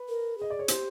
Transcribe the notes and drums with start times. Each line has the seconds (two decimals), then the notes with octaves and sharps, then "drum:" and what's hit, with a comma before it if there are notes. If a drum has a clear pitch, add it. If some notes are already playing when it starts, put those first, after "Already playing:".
Already playing: B4
0.09 A#4
0.38 G#4 D#5
0.50 D5
0.59 C#5
0.68 G4 C5, drum: hi-hat